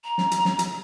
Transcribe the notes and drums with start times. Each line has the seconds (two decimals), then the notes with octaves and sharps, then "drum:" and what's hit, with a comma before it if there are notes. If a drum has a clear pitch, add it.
0.04 A#5
0.18 drum: snare
0.31 drum: hi-hat
0.45 drum: snare
0.59 drum: hi-hat